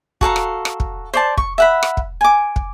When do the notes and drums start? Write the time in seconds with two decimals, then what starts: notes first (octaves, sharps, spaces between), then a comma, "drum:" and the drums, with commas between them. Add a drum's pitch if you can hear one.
0.21 F#4 A4 F5 A#5, drum: kick
0.36 drum: rim click
0.65 drum: rim click
0.80 drum: kick
1.14 C5 D5 A5
1.37 C#6, drum: kick
1.58 E5 F#5 B5
1.83 drum: rim click
1.97 drum: kick
2.21 G#5 D6
2.56 drum: kick